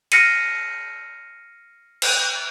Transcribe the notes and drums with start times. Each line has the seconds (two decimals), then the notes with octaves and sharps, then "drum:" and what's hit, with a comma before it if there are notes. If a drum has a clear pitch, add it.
0.12 F6 A#6 C7 C#7 D#7, drum: cymbal
2.02 drum: cymbal